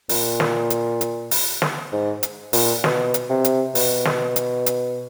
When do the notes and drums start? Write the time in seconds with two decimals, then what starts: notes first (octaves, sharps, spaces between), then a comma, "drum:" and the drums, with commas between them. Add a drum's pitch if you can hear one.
0.09 A#2, drum: open hi-hat
0.40 drum: snare
0.70 drum: hi-hat
1.01 drum: hi-hat
1.31 drum: open hi-hat
1.62 drum: snare
1.92 G#2
2.23 drum: hi-hat
2.53 A#2, drum: open hi-hat
2.84 B2, drum: snare
3.14 drum: hi-hat
3.29 C3
3.44 drum: hi-hat
3.75 B2, drum: open hi-hat
4.05 drum: snare
4.36 drum: hi-hat
4.66 drum: hi-hat